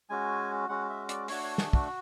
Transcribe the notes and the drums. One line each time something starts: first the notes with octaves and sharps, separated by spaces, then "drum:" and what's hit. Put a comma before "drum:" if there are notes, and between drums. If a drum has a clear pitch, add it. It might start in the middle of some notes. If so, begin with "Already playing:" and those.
G#3 C#4 F#4 G#5
G#3 C#4 F#4 F#5
E5
D5, drum: hi-hat
A3 D4 F#4 C#5, drum: open hi-hat
C#5
G#4, drum: snare
F#4, drum: kick